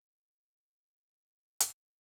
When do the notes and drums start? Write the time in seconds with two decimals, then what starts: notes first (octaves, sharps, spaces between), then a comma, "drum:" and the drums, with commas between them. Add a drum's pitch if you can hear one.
0.12 F4 A#4
1.60 drum: hi-hat